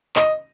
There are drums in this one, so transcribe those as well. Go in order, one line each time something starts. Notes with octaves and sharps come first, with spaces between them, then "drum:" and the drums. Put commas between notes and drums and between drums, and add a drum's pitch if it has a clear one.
D#5, drum: clap